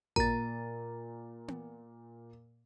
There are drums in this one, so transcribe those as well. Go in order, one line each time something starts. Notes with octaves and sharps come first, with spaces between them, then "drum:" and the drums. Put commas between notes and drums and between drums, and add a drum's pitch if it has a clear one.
A#2 A#5 A6, drum: kick A1
drum: tom B3